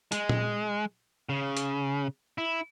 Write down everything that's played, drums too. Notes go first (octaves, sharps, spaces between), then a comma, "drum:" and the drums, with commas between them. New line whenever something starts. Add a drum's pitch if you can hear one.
G#3, drum: hi-hat
drum: tom A#2
C#3
drum: hi-hat
E4